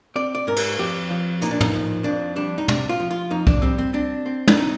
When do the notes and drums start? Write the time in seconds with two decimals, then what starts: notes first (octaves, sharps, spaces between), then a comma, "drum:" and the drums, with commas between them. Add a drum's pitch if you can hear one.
0.16 C4 D5
0.35 D5
0.47 G#2 A#4
0.56 drum: cymbal
0.79 F2 G4
1.10 F3
1.41 A#2 D#4, drum: hi-hat
1.51 D4
1.61 D#4, drum: tom
1.74 F3
2.04 F2 D4
2.36 G3 D4
2.58 D#4
2.68 C3 D4, drum: tom
2.89 F4
3.00 F3
3.11 F4
3.30 F2 D#4
3.47 D4, drum: kick
3.62 G3 C4
3.78 C4
3.93 C4 D4
4.26 C4
4.48 D4, drum: tom
4.57 C4 D#4